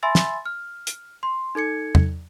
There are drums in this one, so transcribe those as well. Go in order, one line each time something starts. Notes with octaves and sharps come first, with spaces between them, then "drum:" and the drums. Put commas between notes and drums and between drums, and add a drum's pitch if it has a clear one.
E5 G#5 B5 C6 E6 A6
drum: snare
F6
drum: hi-hat
C6
D#4 A4 G#6 C#7
drum: tom E2